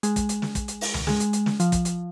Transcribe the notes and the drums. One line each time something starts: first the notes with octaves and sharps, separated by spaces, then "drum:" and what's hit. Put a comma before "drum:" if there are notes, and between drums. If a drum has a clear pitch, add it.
G#3, drum: hi-hat
drum: kick, hi-hat
drum: hi-hat
drum: snare
drum: kick, hi-hat
drum: hi-hat
drum: open hi-hat
drum: tom C#2
G#3, drum: snare
drum: hi-hat
drum: hi-hat
drum: snare
F3, drum: hi-hat
drum: kick, hi-hat
drum: hi-hat